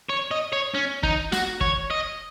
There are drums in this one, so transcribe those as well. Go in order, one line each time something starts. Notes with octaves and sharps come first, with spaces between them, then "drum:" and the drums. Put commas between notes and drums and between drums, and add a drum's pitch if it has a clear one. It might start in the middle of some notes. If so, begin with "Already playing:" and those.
C#5
D#5
C#5
C#4
D#4, drum: kick
F#4, drum: snare
C#5, drum: kick
D#5